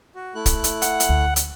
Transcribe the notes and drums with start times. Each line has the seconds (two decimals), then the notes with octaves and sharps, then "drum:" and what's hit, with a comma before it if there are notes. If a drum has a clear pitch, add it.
0.15 F#4
0.35 A3 E4 F#6
0.46 drum: kick, hi-hat
0.64 drum: hi-hat
0.82 F#5, drum: hi-hat
1.00 drum: hi-hat
1.09 D2
1.36 drum: hi-hat